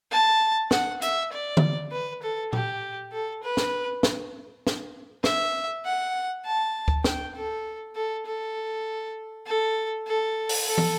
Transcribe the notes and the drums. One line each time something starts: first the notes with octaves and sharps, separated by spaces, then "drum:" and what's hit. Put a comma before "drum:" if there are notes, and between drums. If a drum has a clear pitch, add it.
A5
F#5, drum: snare
E5, drum: hi-hat
D5
drum: tom D3
B4
A4
G4, drum: tom A#2
A4
B4
drum: snare
drum: snare
drum: snare
E5, drum: snare
F#5
A5
drum: kick D2
G5, drum: snare
A4
A4
A4
A4
A4
drum: open hi-hat
A4
drum: tom